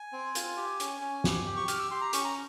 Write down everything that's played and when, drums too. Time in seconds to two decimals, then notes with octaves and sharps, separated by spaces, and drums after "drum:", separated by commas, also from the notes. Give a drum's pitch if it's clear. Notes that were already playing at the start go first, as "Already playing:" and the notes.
Already playing: G#5
0.13 C4
0.35 F4, drum: hi-hat
0.57 G4
0.80 C#4, drum: hi-hat
1.01 C#4
1.24 G4, drum: snare
1.47 G4
1.57 C#6
1.68 G4 F6, drum: hi-hat
1.79 E6
1.91 G4 C6
2.01 A#5
2.13 C#4 C#6, drum: hi-hat
2.25 A#5